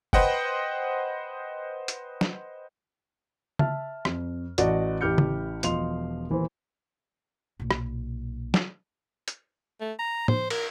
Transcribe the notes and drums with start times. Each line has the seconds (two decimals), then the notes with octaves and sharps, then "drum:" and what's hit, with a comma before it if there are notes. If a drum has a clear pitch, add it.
0.13 B4 C5 D#5 F#5 G5, drum: kick
1.88 drum: hi-hat
2.21 drum: snare
3.59 E5 A5 F6, drum: tom C#3
4.05 F2, drum: rim click
4.58 A1 F#4 D5 D#5 F#5, drum: hi-hat
5.01 A1 E4 G4 F6 G6 C#7
5.18 drum: tom C#3
5.63 E1 F3 D#5 C6 F7, drum: hi-hat
6.30 D#1 E3 E4 C5
7.60 B1 A#2
7.71 drum: rim click
8.54 drum: snare
9.28 drum: hi-hat
9.81 A3
9.99 A#5
10.28 C5, drum: tom
10.50 A#4, drum: cymbal